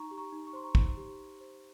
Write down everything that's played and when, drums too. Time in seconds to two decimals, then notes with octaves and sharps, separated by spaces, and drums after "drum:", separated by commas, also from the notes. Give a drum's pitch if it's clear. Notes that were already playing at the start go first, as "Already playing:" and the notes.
Already playing: D#4 A#5 C#6
0.11 G4
0.18 A#5 C#6
0.32 D#4
0.47 C#6
0.53 C5 C6
0.64 A#5 C#6
0.75 D#4, drum: kick
0.97 G4
1.18 D#4
1.41 C5